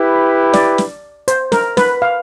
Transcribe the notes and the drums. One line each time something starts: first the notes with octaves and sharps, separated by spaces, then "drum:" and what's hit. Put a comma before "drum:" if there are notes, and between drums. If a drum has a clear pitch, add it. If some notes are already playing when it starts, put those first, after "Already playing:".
Already playing: E4 G4 B4
D5, drum: snare
drum: snare
C5, drum: hi-hat
A#4, drum: snare
B4, drum: snare
F5